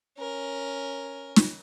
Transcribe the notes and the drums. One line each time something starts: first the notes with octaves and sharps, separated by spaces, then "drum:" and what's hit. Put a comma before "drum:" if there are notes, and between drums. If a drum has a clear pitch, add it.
C#4 A#4
drum: snare